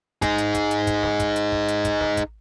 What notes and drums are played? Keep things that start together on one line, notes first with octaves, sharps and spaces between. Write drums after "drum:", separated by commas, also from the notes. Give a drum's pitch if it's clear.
D#4 G#4, drum: kick, hi-hat
drum: hi-hat
drum: kick, hi-hat
drum: hi-hat
drum: kick, hi-hat
drum: snare
drum: kick, hi-hat
drum: hi-hat
drum: kick
drum: hi-hat
drum: kick, hi-hat
drum: snare
drum: kick, hi-hat